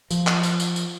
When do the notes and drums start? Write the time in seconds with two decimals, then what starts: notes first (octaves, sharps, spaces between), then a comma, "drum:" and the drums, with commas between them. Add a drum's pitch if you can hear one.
0.11 F3, drum: tambourine
0.27 drum: clap
0.43 drum: tambourine
0.60 drum: tambourine
0.76 drum: tambourine